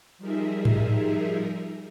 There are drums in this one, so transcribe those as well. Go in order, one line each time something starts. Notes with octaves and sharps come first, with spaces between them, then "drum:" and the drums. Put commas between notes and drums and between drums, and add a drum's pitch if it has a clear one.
F3 G3 D#4 G#4 A#4 E5
drum: tom G#2